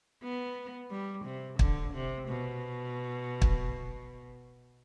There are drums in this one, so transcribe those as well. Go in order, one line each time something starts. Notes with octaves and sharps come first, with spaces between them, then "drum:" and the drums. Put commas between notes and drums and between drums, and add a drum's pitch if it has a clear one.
B3
G3
C3
D3, drum: kick
C3
B2
drum: kick